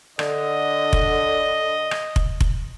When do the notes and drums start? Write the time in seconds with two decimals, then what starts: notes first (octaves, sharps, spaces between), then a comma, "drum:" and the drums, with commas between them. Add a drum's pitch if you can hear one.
0.19 D3 D#5, drum: rim click
0.93 drum: kick F1
1.91 drum: rim click
2.16 drum: kick F1
2.41 drum: kick F1